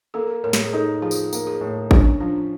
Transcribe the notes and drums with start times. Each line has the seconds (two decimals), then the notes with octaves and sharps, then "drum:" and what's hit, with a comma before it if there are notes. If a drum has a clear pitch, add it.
0.14 A#3 A4
0.44 A2 A#4
0.53 drum: snare
0.65 G#4
0.73 D#4 A4
1.02 F3 G#4
1.11 drum: tambourine
1.33 A#3, drum: tambourine
1.47 G#4
1.61 A2
1.91 C#4 D4, drum: kick G#1
2.20 F3 D4